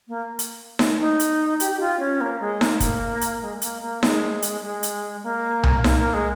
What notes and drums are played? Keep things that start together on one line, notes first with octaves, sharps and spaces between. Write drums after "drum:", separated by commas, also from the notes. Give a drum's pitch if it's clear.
A#3
drum: hi-hat
drum: snare D#4
D#4
drum: hi-hat
G4, drum: hi-hat
G4
F4
C#4
A#3
G#3
A#3, drum: snare D#4
A#3, drum: kick, hi-hat
drum: hi-hat
G#3
G#3
A#3, drum: hi-hat
A#3
G#3, drum: snare D#4
drum: hi-hat
G#3
drum: hi-hat
A#3
drum: tom C2
A#3, drum: snare D#4
A#3
G#3